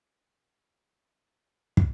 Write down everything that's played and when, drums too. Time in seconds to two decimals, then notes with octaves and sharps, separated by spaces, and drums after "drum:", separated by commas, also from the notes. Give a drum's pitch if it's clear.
0.15 A#4 E5 B5
1.77 drum: kick